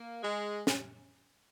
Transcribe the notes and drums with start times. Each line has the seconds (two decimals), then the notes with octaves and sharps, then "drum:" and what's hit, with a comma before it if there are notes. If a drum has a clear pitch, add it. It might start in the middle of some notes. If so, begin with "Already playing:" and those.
Already playing: A#3
0.23 G#3
0.67 drum: snare